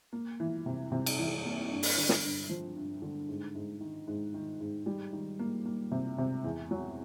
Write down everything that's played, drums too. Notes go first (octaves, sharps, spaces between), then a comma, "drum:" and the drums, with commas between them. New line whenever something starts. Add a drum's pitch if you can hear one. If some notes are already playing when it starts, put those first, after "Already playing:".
A#3
E3
C3
C3
drum: cymbal
E3
A#3
G2
drum: open hi-hat
D3
drum: snare
G2
F3
G2
D3
G#2
G#2
D#3
G#2
D#3
G#2
G3
D#3
A#3
A#3
C3
C3
E2
F#3